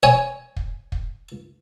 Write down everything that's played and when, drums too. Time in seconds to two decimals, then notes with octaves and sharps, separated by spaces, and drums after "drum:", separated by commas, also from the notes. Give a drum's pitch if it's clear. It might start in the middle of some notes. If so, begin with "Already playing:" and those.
0.03 C#5 G#5
0.56 drum: kick
0.92 drum: kick